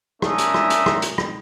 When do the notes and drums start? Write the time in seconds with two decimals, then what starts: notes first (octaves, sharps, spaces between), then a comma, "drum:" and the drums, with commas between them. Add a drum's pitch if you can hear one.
0.22 A3 C#4 D4 A#4 E5 D#6, drum: rim click
0.38 drum: hi-hat
0.54 drum: rim click
0.70 drum: hi-hat
0.86 drum: rim click
1.02 drum: hi-hat
1.18 drum: rim click